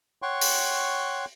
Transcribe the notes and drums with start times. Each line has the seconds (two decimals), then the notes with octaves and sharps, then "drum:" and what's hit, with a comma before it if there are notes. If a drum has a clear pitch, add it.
0.22 C#5 F#5 G5 C6 C#6
0.41 drum: open hi-hat